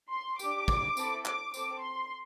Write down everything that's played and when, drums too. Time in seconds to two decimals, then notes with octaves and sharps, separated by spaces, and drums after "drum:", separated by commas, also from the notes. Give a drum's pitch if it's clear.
0.11 C6
0.39 D4 G4 D6, drum: tambourine
0.68 drum: kick
0.97 C4 E4 A4, drum: tambourine
1.25 D6, drum: clap
1.54 C4 A4 D6, drum: tambourine
1.82 C6